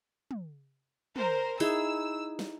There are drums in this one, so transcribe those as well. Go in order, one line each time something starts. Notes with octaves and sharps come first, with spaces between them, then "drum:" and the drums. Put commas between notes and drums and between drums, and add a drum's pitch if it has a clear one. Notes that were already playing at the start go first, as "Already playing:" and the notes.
drum: tom
A#4 C5, drum: tom
D#4 E4 G#4 E6, drum: open hi-hat
drum: snare